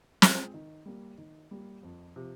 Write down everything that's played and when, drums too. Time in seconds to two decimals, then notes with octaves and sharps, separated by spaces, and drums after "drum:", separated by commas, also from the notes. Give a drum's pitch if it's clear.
0.22 G#3 C4 F4, drum: snare
0.54 D#3
0.86 G3 A#3
1.18 D#3
1.51 G3 A#3
1.83 F2
2.16 C3 F3